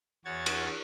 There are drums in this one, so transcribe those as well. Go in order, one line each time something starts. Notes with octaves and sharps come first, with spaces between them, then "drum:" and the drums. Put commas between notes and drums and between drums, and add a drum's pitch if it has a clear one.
E2 F#4 C#5 G#6 A6
drum: cymbal